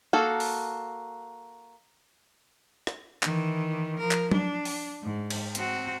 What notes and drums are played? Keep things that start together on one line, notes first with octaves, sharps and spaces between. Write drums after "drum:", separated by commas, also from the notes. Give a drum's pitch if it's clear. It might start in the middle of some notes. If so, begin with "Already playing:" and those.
A#3 F#4 A4
drum: open hi-hat
drum: rim click
D#3 E3, drum: clap
F3 A#4
drum: clap
D4, drum: tom F#3
drum: open hi-hat
G#2
drum: cymbal
C4 F#4, drum: hi-hat